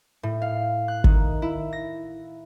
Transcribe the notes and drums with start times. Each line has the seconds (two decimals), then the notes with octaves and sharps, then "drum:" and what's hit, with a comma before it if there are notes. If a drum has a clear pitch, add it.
0.23 A2
0.42 F5
0.88 F#6
1.04 D#3, drum: kick
1.42 E4
1.73 A#6